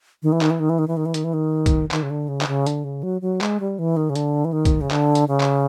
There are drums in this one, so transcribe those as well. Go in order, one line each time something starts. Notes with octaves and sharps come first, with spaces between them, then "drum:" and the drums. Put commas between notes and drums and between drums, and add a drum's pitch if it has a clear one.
D#3
E3
D#3, drum: clap
E3
D#3
E3
D#3
E3
D#3
E3
D#3, drum: hi-hat
E3
D#3
drum: kick, hi-hat
D#3, drum: clap
C#3
D3
C#3
D3, drum: clap
C#3
D3, drum: hi-hat
C#3
F#3
F#3
G#3, drum: clap
G3
E3
D#3
C#3
D3, drum: hi-hat
E3
D#3
drum: kick, hi-hat
C#3
D3, drum: clap
drum: hi-hat
C#3
drum: clap